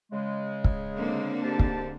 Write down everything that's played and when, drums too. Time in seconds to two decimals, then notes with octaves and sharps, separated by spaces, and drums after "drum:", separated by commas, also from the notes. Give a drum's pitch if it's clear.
0.12 C#3 G#3
0.64 drum: kick
0.96 D3 A#3 C4
1.42 G#2 G4 A5
1.59 drum: kick